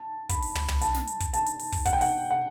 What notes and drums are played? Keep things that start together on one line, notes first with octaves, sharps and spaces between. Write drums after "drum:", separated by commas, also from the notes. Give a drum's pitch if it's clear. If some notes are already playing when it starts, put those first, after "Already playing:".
Already playing: A5
B5, drum: kick, hi-hat
drum: open hi-hat
drum: tom
drum: tom
A5, drum: hi-hat
drum: snare
drum: hi-hat
drum: kick, hi-hat
A5, drum: hi-hat
drum: hi-hat
drum: open hi-hat
drum: kick, open hi-hat
F#5, drum: kick, hi-hat
G5
F#5, drum: open hi-hat
F#5